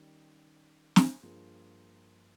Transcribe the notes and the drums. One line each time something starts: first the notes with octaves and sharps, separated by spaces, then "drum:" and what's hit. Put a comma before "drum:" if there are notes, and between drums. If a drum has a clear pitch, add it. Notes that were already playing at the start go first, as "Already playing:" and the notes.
Already playing: D#3 G3 C#4 G4
drum: snare
G2 F3 A#3 F4 G#4